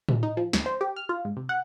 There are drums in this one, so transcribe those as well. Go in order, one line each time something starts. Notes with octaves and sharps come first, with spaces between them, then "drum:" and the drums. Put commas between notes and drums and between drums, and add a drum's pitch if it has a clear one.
C3, drum: tom A2
D#4
F3
D2, drum: snare
C5
G4
F6
F4
G#2
C3
F#5